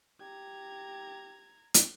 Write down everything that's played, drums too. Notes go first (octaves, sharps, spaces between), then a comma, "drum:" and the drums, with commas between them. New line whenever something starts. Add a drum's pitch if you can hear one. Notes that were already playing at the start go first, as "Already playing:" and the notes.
G4 A#5 G#6
drum: hi-hat